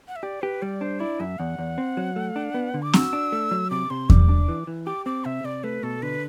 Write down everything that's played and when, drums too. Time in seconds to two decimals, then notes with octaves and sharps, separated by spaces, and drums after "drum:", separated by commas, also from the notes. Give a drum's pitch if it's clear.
0.08 F#5
0.16 E5
0.23 G4 D5
0.42 G4 B4
0.62 G3 D5
0.81 D4 C5
1.00 E4 D5
1.20 F#2 E5
1.39 E2 F#5
1.58 E2
1.78 C4
1.97 F#3
2.16 A3
2.36 D4
2.54 B3
2.74 D3
2.82 D6
2.93 F#4 E6, drum: snare
3.13 D4
3.32 A3
3.51 F#3
3.70 C3 D6
3.90 C3 C6
4.10 G3 D6, drum: kick E2
4.29 D4
4.48 E3
4.67 E3
4.86 G4 D6
5.06 C4 D6
5.25 C3 E5
5.44 C3 D5
5.64 A3 B4
5.83 B2 A4
6.02 D3 B4